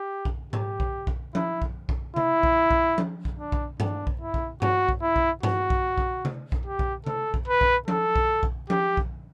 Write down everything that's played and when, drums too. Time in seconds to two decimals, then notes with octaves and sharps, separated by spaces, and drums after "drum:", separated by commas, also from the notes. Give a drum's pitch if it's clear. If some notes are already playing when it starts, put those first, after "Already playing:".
Already playing: G4
0.25 drum: kick B1
0.53 G4, drum: tom G#2
0.80 drum: kick B1
1.07 drum: kick B1
1.35 E4, drum: tom F3
1.62 drum: kick B1
1.89 drum: kick B1
2.16 E4, drum: tom C3
2.43 drum: kick B1
2.71 drum: kick B1
2.98 drum: tom F3
3.25 drum: kick B1
3.39 D4
3.52 drum: kick B1
3.80 D4, drum: tom G2
4.07 drum: kick B1
4.21 E4
4.34 drum: kick B1
4.62 F#4, drum: tom G2
4.89 drum: kick B1
5.02 E4
5.16 drum: kick B1
5.43 F#4, drum: tom G2
5.70 drum: kick B1
5.98 drum: kick B1
6.25 drum: tom C3
6.52 drum: kick B1
6.65 G4
6.79 drum: kick B1
7.06 A4, drum: tom C3
7.34 drum: kick B1
7.48 B4
7.61 drum: kick B1
7.88 A4, drum: tom F3
8.16 drum: kick B1
8.43 drum: kick B1
8.70 G4, drum: tom F3
8.97 drum: kick B1